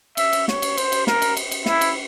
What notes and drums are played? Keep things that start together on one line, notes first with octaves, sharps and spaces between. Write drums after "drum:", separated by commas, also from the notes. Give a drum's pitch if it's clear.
E5, drum: cymbal
drum: cymbal
C#5, drum: snare
drum: cymbal
C5, drum: cymbal
drum: cymbal
A#4, drum: snare
drum: cymbal
drum: cymbal
drum: cymbal
E4, drum: snare
drum: cymbal